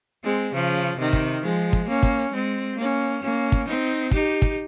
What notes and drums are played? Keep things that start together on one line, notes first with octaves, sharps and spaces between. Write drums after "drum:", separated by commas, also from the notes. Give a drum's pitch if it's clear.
G#3 C4
C#3 F3
C3 D#3
drum: kick
F3 G#3
drum: kick
A#3 C#4
drum: kick
G#3 C4
A#3 C#4
A#3 C#4
drum: kick
C4 D#4
D#4 G4, drum: kick
drum: kick